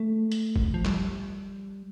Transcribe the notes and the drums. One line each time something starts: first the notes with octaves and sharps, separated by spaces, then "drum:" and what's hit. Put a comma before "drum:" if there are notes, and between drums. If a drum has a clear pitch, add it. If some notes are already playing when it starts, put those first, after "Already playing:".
Already playing: A3
drum: hi-hat
drum: kick F#1
F3
G3, drum: clap